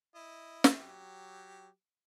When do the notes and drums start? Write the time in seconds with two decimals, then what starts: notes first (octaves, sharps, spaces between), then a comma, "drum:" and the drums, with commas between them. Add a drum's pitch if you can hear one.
0.15 E4 D#5
0.64 drum: snare
0.78 F#3 G4